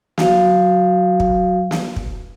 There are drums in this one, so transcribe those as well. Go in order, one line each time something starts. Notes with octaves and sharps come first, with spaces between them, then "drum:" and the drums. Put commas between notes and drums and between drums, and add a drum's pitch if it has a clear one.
F#3 F#4 F5, drum: snare
drum: kick
drum: snare
drum: kick